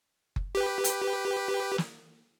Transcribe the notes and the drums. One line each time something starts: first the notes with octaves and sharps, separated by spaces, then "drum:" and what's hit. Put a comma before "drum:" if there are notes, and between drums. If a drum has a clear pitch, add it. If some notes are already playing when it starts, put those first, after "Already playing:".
drum: kick F#1
G4 B4
drum: hi-hat
drum: snare